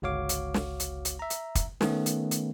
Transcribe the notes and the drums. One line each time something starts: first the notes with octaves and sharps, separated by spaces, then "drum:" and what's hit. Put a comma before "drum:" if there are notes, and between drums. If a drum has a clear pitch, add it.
G1 C#2 F#4 C#5 F5 D6
drum: hi-hat
drum: snare
drum: hi-hat
drum: hi-hat
E5 A#5
drum: hi-hat
drum: kick, hi-hat
D#3 A3 B3 C#4, drum: snare
drum: hi-hat
drum: hi-hat